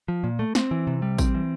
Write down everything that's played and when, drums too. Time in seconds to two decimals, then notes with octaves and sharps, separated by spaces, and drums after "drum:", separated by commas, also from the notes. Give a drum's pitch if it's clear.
0.08 F3
0.24 A#2
0.39 A3
0.55 C4, drum: snare
0.71 E3
0.87 C3
1.02 G3
1.18 C4, drum: kick A1, tambourine
1.34 E3